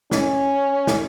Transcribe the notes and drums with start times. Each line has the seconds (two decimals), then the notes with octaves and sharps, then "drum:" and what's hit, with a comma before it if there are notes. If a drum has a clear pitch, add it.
0.11 C#4, drum: snare
0.87 drum: snare